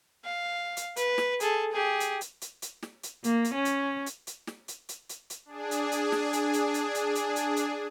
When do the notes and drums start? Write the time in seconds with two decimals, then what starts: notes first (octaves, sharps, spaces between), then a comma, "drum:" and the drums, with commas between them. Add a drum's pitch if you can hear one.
0.24 F5
0.77 drum: hi-hat
0.96 B4, drum: hi-hat
1.18 drum: snare
1.40 G#4 A4, drum: hi-hat
1.72 G4 G#4
2.00 drum: hi-hat
2.21 drum: hi-hat
2.41 drum: hi-hat
2.62 drum: hi-hat
2.83 drum: snare
3.03 drum: hi-hat
3.24 A#3, drum: hi-hat
3.44 drum: hi-hat
3.54 C#4
3.65 drum: hi-hat
4.06 drum: hi-hat
4.27 drum: hi-hat
4.47 drum: snare
4.68 drum: hi-hat
4.89 drum: hi-hat
5.09 drum: hi-hat
5.30 drum: hi-hat
5.45 D4 G#4
5.71 drum: hi-hat
5.92 drum: hi-hat
6.12 drum: snare
6.33 drum: hi-hat
6.53 drum: hi-hat
6.74 drum: hi-hat
6.95 drum: hi-hat
7.15 drum: hi-hat
7.36 drum: hi-hat
7.56 drum: hi-hat